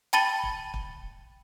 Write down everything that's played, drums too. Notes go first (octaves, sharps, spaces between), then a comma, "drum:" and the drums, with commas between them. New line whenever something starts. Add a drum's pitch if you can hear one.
G5 A5 B5 A6 D#7 G7
drum: kick
drum: kick